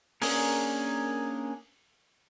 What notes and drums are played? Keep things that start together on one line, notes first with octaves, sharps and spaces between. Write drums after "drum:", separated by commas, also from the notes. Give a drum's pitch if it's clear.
A#3 C#4 D4 G#4 A#4, drum: open hi-hat